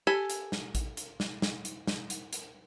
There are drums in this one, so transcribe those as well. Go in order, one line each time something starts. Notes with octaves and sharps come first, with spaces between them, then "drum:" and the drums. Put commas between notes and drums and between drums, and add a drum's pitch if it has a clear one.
G4 A4 G#5 B5
drum: hi-hat
drum: snare
drum: kick A1, hi-hat
drum: hi-hat
drum: snare
drum: snare
drum: hi-hat
drum: snare
drum: hi-hat
drum: hi-hat